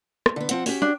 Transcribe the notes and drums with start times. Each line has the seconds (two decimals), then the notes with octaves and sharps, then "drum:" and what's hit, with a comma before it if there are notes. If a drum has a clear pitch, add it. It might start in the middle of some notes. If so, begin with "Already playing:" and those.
0.26 drum: rim click
0.36 D3 B3
0.49 F3 C4 F#5, drum: hi-hat
0.66 C#4 F#4 G4, drum: open hi-hat
0.82 D4